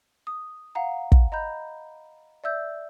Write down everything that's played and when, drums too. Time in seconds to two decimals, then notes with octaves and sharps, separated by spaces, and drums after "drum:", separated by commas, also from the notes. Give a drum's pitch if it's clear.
0.27 D#6
0.75 F5 F#5 A#5
1.12 drum: kick
1.32 D#5 A#5 B5 G6
2.44 D5 E5 E6 G6